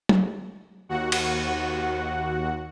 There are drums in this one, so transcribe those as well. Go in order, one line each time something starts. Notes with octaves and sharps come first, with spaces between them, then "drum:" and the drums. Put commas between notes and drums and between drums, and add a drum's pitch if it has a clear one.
drum: tom F#3
D#2 F#4 F#5
drum: cymbal